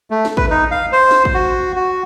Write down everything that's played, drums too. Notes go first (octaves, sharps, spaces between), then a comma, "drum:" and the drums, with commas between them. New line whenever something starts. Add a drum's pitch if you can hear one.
A3
drum: snare
B4, drum: kick
D#4
F5
C5
drum: snare
drum: kick
F#4
F#4